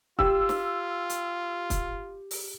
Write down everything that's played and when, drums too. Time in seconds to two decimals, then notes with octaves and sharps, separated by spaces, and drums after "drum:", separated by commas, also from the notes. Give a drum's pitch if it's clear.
0.19 F4 G4 E6, drum: kick
0.49 drum: snare
1.10 drum: hi-hat
1.70 drum: kick, hi-hat
2.31 drum: open hi-hat